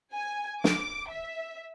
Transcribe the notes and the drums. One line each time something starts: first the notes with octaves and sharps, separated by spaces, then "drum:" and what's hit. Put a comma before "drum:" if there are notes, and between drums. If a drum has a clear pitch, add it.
G#5
D6, drum: snare
E5